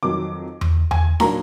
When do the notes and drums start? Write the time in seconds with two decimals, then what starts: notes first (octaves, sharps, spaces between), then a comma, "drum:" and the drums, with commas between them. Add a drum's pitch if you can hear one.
0.03 F2 D#3 F#3 D6
0.61 drum: tom E2
0.91 G#5, drum: tom E2
1.20 A#2 F#3 A#3 D4 A#5, drum: snare